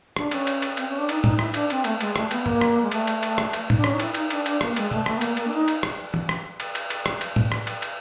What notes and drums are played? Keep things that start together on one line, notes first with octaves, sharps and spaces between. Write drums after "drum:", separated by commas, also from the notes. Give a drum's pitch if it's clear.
D4, drum: rim click
C#4, drum: cymbal
drum: cymbal
drum: cymbal
C4, drum: cymbal
C#4
D4
D#4, drum: cymbal
D#4, drum: tom A2
E4, drum: rim click
D4, drum: cymbal
C4, drum: cymbal
A3, drum: cymbal
G#3, drum: cymbal
A3, drum: rim click
B3, drum: cymbal
B3
A#3, drum: tom G2
drum: rim click
G#3
A3, drum: cymbal
drum: cymbal
drum: cymbal
drum: rim click
drum: cymbal
D#4, drum: tom A2
D4
C#4, drum: rim click
D#4
E4, drum: cymbal
D#4, drum: cymbal
D4, drum: cymbal
D4, drum: cymbal
A#3, drum: rim click
G#3, drum: cymbal
A3, drum: tom
A3, drum: rim click
B3
A#3, drum: cymbal
A#3, drum: cymbal
D4
D#4
drum: cymbal
drum: rim click
drum: tom
drum: rim click
drum: cymbal
drum: cymbal
drum: cymbal
drum: rim click
drum: cymbal
drum: tom A2
drum: rim click
drum: cymbal
drum: cymbal